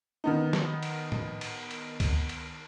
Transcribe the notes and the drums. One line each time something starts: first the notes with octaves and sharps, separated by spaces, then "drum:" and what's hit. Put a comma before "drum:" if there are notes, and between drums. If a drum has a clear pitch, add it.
D#3 B3 D#4
drum: snare
drum: cymbal
drum: tom A2
drum: cymbal
drum: cymbal
drum: kick C#2, cymbal
drum: cymbal